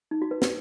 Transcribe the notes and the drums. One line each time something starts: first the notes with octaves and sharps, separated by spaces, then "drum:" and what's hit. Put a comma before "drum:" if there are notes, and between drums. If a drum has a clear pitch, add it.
D#4
F#4
B4
B4, drum: snare